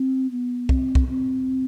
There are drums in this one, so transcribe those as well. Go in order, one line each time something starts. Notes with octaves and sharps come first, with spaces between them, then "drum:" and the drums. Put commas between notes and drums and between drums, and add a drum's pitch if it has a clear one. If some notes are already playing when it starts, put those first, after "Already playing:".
Already playing: C4
B3
C4, drum: kick
drum: kick
C4